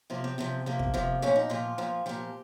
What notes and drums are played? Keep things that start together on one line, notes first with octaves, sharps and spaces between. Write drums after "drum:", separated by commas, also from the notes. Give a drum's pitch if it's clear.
C3 F3 A#3
C4
C3 F3 C4
C3 F3 A#3
drum: kick
C3 F3
A#2 F3 C#4
D#4
A#2 F3 F4
A#2 F3
A#2 F3 G4